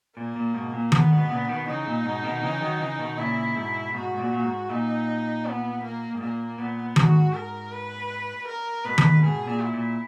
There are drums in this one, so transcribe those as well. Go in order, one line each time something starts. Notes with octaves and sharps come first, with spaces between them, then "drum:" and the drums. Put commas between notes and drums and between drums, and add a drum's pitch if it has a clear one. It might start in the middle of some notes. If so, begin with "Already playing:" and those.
A#2 A#3
A#2
G#2 B2
A#2
G#2 B3, drum: tom D#3
G#2 B2
A#2 C#3
B2 D#3
C#3 E3 D#4
A#2
G#2 B2
B2 D#3
C#3 E3
D#3 F#3
C#3 E3
B2 D#3
A#2 C#3 E4
G#2 B2
G#2 B2 F#4
G#2
A#2
A#2
G#2
A#2 D#4
B3
A#3
G#2
A#2 A#3
A#2 B3
G#2 F#4, drum: tom D#3
A#4
B4
A#4
G#2 B2 B4
drum: tom D#3
G#2 B2 G#4
A#2
E4
A#2